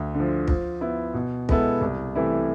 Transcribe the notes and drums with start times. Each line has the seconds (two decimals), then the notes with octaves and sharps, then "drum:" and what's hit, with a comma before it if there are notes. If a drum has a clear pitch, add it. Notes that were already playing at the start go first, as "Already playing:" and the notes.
Already playing: D2
0.14 D3
0.20 F3
0.48 F3, drum: kick
0.81 B3 E4
1.14 B2
1.49 G#3 B3 E4 A4, drum: kick
1.81 C2
2.15 C3 E3 A3 E4